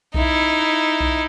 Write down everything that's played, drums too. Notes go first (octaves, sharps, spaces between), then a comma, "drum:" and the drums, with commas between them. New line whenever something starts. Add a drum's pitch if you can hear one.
D#4 E4, drum: kick B1
drum: kick B1